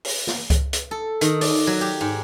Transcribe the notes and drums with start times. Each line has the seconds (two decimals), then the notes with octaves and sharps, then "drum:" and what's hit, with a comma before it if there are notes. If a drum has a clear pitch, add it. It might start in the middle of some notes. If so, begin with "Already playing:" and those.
0.05 drum: open hi-hat
0.27 drum: snare
0.50 drum: kick C#2, hi-hat
0.73 drum: hi-hat
0.91 A4
1.21 D#3, drum: hi-hat
1.41 D5, drum: open hi-hat
1.67 F#3
1.81 G4
2.01 G#2